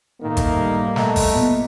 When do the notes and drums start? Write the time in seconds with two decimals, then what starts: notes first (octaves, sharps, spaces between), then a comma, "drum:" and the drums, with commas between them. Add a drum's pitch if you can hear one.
0.21 A2 D#3 A3 A#3 A#4
0.37 drum: kick, hi-hat
0.52 A2 G3
0.96 A3 D#5 F#5 A#5, drum: snare
1.16 drum: kick, open hi-hat
1.30 A#2 B3